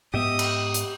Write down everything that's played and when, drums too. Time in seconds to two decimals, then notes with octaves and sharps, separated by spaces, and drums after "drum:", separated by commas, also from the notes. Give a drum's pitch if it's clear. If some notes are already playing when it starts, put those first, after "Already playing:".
0.14 G#2 B3 G4 D#5 E5 D#6
0.39 drum: cymbal
0.74 drum: hi-hat